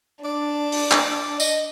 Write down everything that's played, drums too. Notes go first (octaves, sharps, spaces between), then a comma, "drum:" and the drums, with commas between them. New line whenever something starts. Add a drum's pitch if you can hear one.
D4 D5
drum: open hi-hat
drum: clap
D#5, drum: tambourine